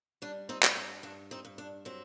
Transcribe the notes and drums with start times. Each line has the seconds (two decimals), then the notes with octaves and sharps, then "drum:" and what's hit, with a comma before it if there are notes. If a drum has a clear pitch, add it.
0.22 G3 D4
0.49 C4 D#4
0.63 G2, drum: clap
0.76 C4
1.03 G2 D4
1.31 C4 D#4
1.45 G2
1.58 D4
1.85 F#3 C4